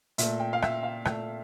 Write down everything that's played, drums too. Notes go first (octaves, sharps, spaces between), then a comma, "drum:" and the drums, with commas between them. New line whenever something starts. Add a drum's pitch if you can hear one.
A#2 A3 E5, drum: hi-hat
G5
F5
E5, drum: rim click
F5
A#2 A3, drum: rim click